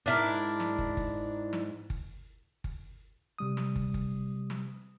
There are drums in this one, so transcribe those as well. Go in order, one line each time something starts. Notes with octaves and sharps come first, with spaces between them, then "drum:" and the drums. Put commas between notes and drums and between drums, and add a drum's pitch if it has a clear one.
G#2 D4 E4 A#4
drum: snare
drum: kick
drum: kick
drum: snare
drum: kick
drum: kick
C3 G3 D#6
drum: snare
drum: kick
drum: kick
drum: snare